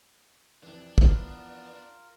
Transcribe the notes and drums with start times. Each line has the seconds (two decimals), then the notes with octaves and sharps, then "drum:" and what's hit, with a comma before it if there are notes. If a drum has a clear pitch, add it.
0.63 F2 C3 E3 D4
0.98 B3 F4 A#4, drum: kick